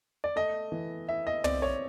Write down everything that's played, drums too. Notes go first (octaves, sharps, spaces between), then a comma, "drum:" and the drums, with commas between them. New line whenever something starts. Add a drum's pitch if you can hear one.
D5
A3 D#5
E3
E4 E5
D#5
C4 D5, drum: tom
C#5